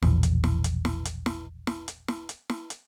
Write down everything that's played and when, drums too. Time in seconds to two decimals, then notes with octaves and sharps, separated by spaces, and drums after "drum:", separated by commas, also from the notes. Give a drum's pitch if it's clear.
0.02 E1 A#1 E2, drum: snare
0.23 drum: hi-hat
0.44 drum: snare
0.64 drum: hi-hat
0.85 drum: snare
1.05 drum: hi-hat
1.26 drum: snare
1.67 drum: snare
1.88 drum: hi-hat
2.08 drum: snare
2.29 drum: hi-hat
2.50 drum: snare
2.70 drum: hi-hat